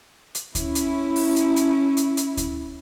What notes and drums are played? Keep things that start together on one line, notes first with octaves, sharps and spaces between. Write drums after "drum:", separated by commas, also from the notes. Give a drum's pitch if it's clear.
drum: hi-hat
C#4 E4, drum: kick D2, hi-hat
drum: hi-hat
drum: open hi-hat
drum: hi-hat
drum: hi-hat
drum: hi-hat
drum: hi-hat
drum: kick D2, hi-hat